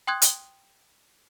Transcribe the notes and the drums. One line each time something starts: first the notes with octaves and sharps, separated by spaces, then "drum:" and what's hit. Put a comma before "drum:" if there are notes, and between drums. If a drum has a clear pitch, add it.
G5 C6 D#6 F#6 G#6
drum: hi-hat